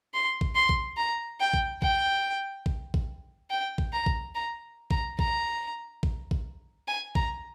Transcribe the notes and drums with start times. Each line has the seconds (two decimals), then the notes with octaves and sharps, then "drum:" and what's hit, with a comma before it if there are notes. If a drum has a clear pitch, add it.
0.14 C6
0.41 drum: kick A#1
0.55 C6
0.69 drum: kick A#1
0.97 A#5
1.40 G5
1.54 drum: kick A#1
1.82 G5, drum: kick A#1
2.66 drum: kick A#1
2.94 drum: kick A#1
3.50 G5
3.78 drum: kick A#1
3.93 A#5
4.06 drum: kick A#1
4.35 A#5
4.91 A#5, drum: kick A#1
5.19 A#5, drum: kick A#1
6.03 drum: kick A#1
6.31 drum: kick A#1
6.87 G#5
7.15 A#5, drum: kick A#1